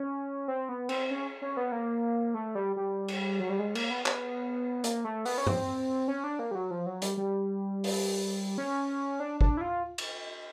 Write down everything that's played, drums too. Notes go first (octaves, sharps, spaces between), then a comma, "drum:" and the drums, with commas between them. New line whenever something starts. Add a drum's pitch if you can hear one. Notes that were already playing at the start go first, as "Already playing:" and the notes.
Already playing: C#4
C4
B3
C4, drum: cymbal
C#4
C#4
B3
A#3
A3
G3
G3
drum: cymbal
F#3
G3
G#3
A#3, drum: cymbal
B3
B3, drum: clap
A#3, drum: hi-hat
A3
B3, drum: open hi-hat
C#4
C4, drum: tom G2
C#4
D4
A#3
G3
F#3
F3
F#3
G3, drum: hi-hat
G3
drum: open hi-hat
C#4
D4
D4, drum: kick
E4
F4
drum: cymbal